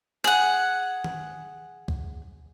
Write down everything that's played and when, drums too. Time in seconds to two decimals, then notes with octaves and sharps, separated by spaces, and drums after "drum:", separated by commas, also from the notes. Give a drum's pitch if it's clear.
0.24 G#4 F#5, drum: rim click
1.04 drum: tom D#3
1.88 drum: kick